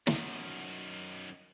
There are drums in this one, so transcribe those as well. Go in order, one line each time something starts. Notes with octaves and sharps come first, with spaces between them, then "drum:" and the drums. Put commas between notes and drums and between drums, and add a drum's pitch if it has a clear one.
F#2 D#3, drum: snare